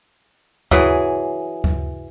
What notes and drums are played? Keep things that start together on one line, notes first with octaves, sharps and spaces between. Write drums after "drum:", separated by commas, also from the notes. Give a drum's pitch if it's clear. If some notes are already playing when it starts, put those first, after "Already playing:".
E3 F#3 G#4, drum: kick D2
drum: kick D2